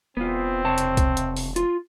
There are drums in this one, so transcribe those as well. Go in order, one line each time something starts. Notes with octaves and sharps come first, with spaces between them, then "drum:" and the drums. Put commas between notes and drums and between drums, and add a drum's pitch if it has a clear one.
E1 B3 C4 F4
C3 C#5 A5
drum: hi-hat
drum: kick C2, hi-hat
drum: hi-hat
drum: open hi-hat
F4, drum: hi-hat